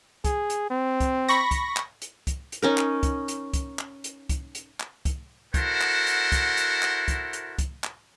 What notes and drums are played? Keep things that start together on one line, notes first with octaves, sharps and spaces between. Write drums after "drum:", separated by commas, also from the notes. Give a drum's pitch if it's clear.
G#4, drum: kick, hi-hat
drum: hi-hat
C4
drum: kick, hi-hat
B5 C#6 A#6, drum: hi-hat
drum: kick, hi-hat
drum: clap
drum: hi-hat
drum: kick, hi-hat
drum: hi-hat
C#4 D#4 A#4
drum: clap
drum: kick, hi-hat
drum: hi-hat
drum: kick, hi-hat
drum: clap
drum: hi-hat
drum: kick, hi-hat
drum: hi-hat
drum: clap
drum: kick, hi-hat
E4 F#4 A4 A#4 C5 F#5, drum: kick, hi-hat
drum: clap
drum: hi-hat
drum: kick, hi-hat
drum: hi-hat
drum: clap
drum: kick, hi-hat
drum: hi-hat
drum: kick, hi-hat
drum: clap